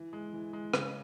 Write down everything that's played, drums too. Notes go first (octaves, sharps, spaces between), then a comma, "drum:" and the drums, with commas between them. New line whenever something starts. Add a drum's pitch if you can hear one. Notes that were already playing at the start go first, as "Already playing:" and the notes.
Already playing: E3
G#3
E3
G#3
C#3, drum: rim click